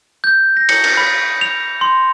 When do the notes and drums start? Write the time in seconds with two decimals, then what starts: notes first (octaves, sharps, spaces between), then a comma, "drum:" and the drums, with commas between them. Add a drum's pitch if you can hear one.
0.24 G6
0.57 A#6
0.69 C#7, drum: cymbal
0.84 drum: cymbal
0.97 B5
1.41 F7
1.81 C6